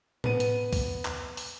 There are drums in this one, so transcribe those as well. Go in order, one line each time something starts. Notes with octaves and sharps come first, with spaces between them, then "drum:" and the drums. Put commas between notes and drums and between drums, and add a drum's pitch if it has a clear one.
B3 D#7, drum: tom A2
drum: hi-hat
drum: kick, open hi-hat
drum: clap
drum: open hi-hat